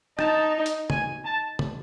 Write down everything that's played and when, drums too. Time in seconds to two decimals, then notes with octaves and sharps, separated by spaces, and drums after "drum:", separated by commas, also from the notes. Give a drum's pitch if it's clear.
0.19 D#4 A5, drum: rim click
0.66 drum: hi-hat
0.90 G#5, drum: tom
1.24 A5
1.59 drum: tom